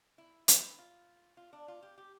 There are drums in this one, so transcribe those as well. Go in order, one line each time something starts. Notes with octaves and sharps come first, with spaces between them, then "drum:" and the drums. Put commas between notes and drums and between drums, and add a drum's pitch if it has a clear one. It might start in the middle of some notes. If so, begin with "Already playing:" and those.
E4
E4, drum: hi-hat
F4
F4
D4
F4
G4
G4